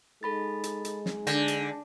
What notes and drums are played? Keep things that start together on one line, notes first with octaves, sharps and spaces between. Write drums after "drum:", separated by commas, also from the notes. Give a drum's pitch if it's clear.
G#3 D#4 G#4 A4 B5 A6
drum: hi-hat
drum: hi-hat
drum: snare
D3 D4 G#5 G6 A#6, drum: hi-hat
drum: hi-hat